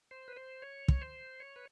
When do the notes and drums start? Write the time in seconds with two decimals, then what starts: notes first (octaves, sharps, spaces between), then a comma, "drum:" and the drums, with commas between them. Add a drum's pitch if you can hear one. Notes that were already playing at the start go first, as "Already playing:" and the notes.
0.11 C5
0.28 B4
0.36 C5
0.62 C#5
0.88 drum: kick
1.02 C5
1.40 C#5
1.56 B4